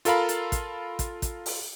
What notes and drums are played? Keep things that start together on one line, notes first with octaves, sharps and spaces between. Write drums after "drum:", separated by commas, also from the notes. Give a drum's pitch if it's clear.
F4 A4 A#4 F5 B5, drum: hi-hat
drum: hi-hat
drum: kick, hi-hat
drum: kick, hi-hat
drum: kick, hi-hat
drum: open hi-hat